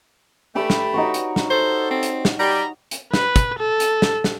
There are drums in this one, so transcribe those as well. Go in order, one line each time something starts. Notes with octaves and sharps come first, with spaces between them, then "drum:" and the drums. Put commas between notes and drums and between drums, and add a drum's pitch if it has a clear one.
A3 G4 D5 B5
drum: snare
D#4 F#4 C#5
drum: hi-hat
drum: snare
A4 C5
C4
drum: hi-hat
drum: snare
G3 A#5
drum: hi-hat
B4, drum: snare
drum: kick, hi-hat
A4
drum: hi-hat
drum: snare
drum: snare